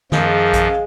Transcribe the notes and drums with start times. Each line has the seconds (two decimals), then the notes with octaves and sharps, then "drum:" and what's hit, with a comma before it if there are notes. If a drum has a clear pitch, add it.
0.12 F#2 D#3 F3 G#3 F5, drum: snare
0.53 drum: kick A#1, hi-hat